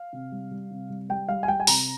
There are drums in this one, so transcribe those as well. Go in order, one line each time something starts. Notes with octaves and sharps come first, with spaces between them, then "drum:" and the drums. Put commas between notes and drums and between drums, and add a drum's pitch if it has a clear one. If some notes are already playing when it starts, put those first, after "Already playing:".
Already playing: F5
C3
G3
G3
C3
G3
G3 G5
G3 F5
G#5
G3 G5
G#5
C3 A#5, drum: open hi-hat